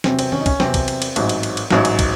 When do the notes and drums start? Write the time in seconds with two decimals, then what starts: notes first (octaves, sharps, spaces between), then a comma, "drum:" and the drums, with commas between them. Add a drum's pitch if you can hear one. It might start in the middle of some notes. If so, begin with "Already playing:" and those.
0.04 E2 C3 F#3 C4, drum: snare
0.19 C4, drum: cymbal
0.32 C#4, drum: tom D#3
0.40 D#4
0.46 C#4, drum: kick, cymbal
0.60 E2 C3 F#3 C4, drum: snare
0.74 drum: kick, cymbal
0.88 drum: cymbal
1.02 drum: cymbal
1.16 A1 G#2 F#3, drum: cymbal
1.29 drum: cymbal
1.43 drum: cymbal
1.57 drum: cymbal
1.71 A1 G#2 F#3, drum: snare
1.85 drum: cymbal
1.99 drum: kick, cymbal